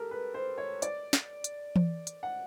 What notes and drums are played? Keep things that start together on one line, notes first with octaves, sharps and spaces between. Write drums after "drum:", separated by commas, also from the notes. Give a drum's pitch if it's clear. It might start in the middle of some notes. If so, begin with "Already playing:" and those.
Already playing: G4 A4 A#4
B4
C5
C#5
D5, drum: hi-hat
drum: snare
drum: hi-hat
drum: tom E3
drum: hi-hat
F#5